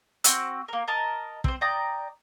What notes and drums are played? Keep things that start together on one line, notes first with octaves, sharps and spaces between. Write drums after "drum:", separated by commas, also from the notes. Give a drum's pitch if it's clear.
C4 F#4 E6, drum: hi-hat
A#3 A#4
A#4 D#5 A5
C4 C5, drum: kick
D5 G5 A#5 D#6